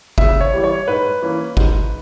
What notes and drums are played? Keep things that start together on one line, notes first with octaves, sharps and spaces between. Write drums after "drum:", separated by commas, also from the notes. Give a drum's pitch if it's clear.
C#3 E5, drum: kick
C#5
E3 G3
C#5
G#2 B4
E3 A#3 C#4
G#2, drum: kick